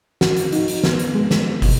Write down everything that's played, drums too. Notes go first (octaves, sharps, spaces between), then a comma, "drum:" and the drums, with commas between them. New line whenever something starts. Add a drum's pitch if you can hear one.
F#4, drum: snare
drum: hi-hat
D#4, drum: hi-hat
drum: hi-hat
B3, drum: snare
drum: hi-hat
G#3
drum: snare
B2, drum: kick, open hi-hat